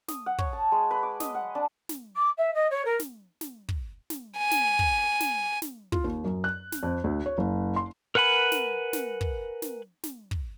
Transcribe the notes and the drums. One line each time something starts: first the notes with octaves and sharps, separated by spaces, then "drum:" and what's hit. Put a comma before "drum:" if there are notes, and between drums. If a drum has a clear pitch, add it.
D#6, drum: snare
F#5
C#5, drum: kick
A5
G#3
B4
D6
D#5, drum: snare
F#5
D4
drum: snare
D6
E5
D#5
C#5
A#4
drum: snare
drum: snare
drum: kick
drum: snare
G#5
drum: snare
drum: kick
drum: snare
drum: snare
F4, drum: kick
D#2
F#2
F#6
drum: snare
F2
D2
C#5
F#1
C6
A#4 B4 F#5 G#5 B5
drum: snare
drum: snare
drum: kick
drum: snare
drum: snare
drum: kick